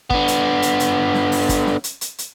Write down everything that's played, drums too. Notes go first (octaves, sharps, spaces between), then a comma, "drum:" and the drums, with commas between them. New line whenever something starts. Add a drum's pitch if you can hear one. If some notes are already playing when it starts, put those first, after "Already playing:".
D3 B3, drum: kick
drum: hi-hat
drum: hi-hat
drum: hi-hat
drum: snare
drum: open hi-hat
drum: kick, hi-hat
drum: snare
drum: hi-hat
drum: hi-hat
drum: hi-hat